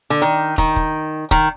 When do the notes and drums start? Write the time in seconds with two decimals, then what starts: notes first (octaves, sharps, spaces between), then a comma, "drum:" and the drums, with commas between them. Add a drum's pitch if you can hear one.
0.10 D3
0.22 D#3
0.58 D#3, drum: kick
0.76 drum: kick
1.31 D#3, drum: kick